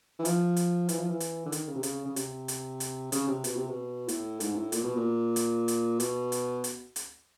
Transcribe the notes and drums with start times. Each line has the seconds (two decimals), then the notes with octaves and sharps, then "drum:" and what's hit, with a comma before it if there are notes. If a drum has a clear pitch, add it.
0.19 E3
0.25 F3, drum: hi-hat
0.56 drum: hi-hat
0.89 E3, drum: hi-hat
0.98 F3
1.09 E3
1.20 drum: hi-hat
1.46 D3
1.52 D#3, drum: hi-hat
1.69 C#3
1.76 C3
1.83 C#3, drum: hi-hat
2.06 C#3
2.16 C3, drum: hi-hat
2.48 drum: hi-hat
2.80 drum: hi-hat
3.12 C#3, drum: hi-hat
3.28 C3
3.44 B2, drum: hi-hat
3.56 C3
3.68 B2
4.08 A2, drum: hi-hat
4.40 G#2, drum: hi-hat
4.56 A2
4.72 A#2, drum: hi-hat
4.84 B2
4.96 A#2
5.36 drum: hi-hat
5.68 drum: hi-hat
6.00 B2, drum: hi-hat
6.32 drum: hi-hat
6.64 drum: hi-hat
6.96 drum: hi-hat